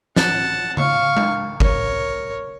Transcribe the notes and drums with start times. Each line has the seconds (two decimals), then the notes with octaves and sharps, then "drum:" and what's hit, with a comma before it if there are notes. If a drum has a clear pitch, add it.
0.16 F#5 A5, drum: snare
0.77 F5 C#6, drum: tom C#3
1.17 drum: tom G#3
1.60 A#4 C#5, drum: kick G1